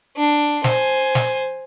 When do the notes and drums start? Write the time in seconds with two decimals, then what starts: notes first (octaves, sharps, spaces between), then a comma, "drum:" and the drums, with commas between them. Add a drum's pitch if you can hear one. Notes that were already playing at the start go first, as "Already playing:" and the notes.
0.17 D4
0.64 C5 G#5, drum: snare
1.15 drum: snare